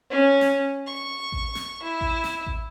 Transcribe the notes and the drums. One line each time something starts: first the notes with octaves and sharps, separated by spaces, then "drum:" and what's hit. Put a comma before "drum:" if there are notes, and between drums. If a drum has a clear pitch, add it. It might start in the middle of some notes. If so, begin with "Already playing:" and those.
C#4
drum: snare
C#6
drum: kick A1
drum: snare
E4
drum: kick A1
drum: snare
drum: kick A1